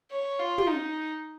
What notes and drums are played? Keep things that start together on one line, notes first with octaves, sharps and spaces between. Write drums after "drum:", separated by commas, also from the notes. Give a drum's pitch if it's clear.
C#5
F4
drum: tom
D#4